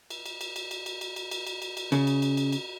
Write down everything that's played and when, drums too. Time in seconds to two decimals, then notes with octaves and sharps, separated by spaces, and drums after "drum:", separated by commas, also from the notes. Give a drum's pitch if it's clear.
0.10 drum: cymbal
0.26 drum: cymbal
0.41 drum: cymbal
0.56 drum: cymbal
0.71 drum: cymbal
0.86 drum: cymbal
1.01 drum: cymbal
1.16 drum: cymbal
1.31 drum: cymbal
1.47 drum: cymbal
1.62 drum: cymbal
1.77 drum: cymbal
1.92 C#3, drum: cymbal
2.07 drum: cymbal
2.22 drum: cymbal
2.37 drum: cymbal
2.52 drum: cymbal